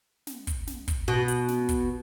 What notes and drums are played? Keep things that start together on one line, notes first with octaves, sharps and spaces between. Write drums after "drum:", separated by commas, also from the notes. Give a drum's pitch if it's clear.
drum: snare
drum: kick, hi-hat
drum: snare
drum: kick, hi-hat
B2
drum: hi-hat
drum: snare
drum: kick, hi-hat